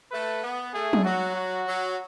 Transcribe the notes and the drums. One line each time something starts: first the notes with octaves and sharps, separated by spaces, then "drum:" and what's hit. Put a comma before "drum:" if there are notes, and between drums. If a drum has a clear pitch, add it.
A3 B4
B3
A3 G#4
drum: tom F#3
F#3 F#4
F#4
F#3